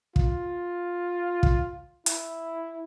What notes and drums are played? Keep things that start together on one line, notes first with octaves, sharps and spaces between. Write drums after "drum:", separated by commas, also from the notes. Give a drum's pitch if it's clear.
F4, drum: kick
drum: kick
E4, drum: hi-hat